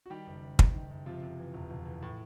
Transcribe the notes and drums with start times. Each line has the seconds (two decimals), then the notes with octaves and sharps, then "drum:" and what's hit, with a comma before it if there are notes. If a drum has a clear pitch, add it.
0.06 F#4
0.10 D#3 G3 G4
0.27 F#1
0.42 F#1
0.59 F#1, drum: kick
0.74 D#3
0.91 F#1
1.06 C3 F3 F4
1.22 C3
1.39 E3
1.54 E1
1.70 E1
1.85 E3
2.02 A2